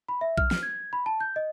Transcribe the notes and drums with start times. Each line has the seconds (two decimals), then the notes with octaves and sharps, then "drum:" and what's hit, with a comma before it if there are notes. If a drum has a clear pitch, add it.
0.09 B5
0.21 E5
0.38 F6, drum: kick A#1
0.51 drum: snare
0.63 G#6
0.93 B5
1.06 A5
1.20 G6
1.36 D#5